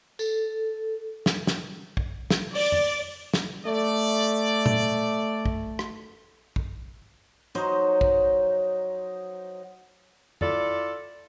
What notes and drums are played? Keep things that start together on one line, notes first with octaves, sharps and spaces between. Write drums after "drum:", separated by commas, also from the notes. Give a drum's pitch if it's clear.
A4, drum: tambourine
drum: snare
drum: snare
drum: kick A#1
drum: snare
D5, drum: open hi-hat
drum: tom F2
drum: snare
A3 D5
drum: tom A#2
drum: kick A#1
drum: rim click
drum: kick A#1
F#3 D#4 C5 D#5, drum: hi-hat
drum: kick A#1
E4 F4 A4 D5, drum: tom F2